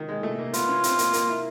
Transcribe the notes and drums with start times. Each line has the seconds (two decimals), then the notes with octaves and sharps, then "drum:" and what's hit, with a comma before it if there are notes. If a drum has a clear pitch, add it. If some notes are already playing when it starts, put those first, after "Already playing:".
Already playing: D#3
0.09 G#3
0.23 A3
0.39 A#3
0.54 B3 F4, drum: hi-hat
0.69 C#4
0.84 C4, drum: hi-hat
0.99 A#3, drum: hi-hat
1.13 A#3, drum: hi-hat
1.29 E4